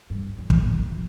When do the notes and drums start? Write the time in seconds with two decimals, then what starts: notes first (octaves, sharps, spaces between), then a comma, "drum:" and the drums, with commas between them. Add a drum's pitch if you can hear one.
0.10 G2
0.38 F2
0.50 G2, drum: kick
0.61 F3
0.70 D#3
0.90 F3